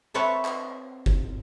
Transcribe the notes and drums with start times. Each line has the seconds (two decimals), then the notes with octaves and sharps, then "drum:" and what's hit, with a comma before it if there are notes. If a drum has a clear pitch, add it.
0.14 C4 B4 C#5 E5 A5
0.45 drum: clap
1.06 drum: kick F#1